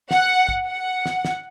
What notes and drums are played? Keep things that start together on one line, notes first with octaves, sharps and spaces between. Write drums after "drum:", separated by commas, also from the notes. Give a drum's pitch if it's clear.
F#5, drum: snare
drum: kick
F#5
drum: snare
drum: snare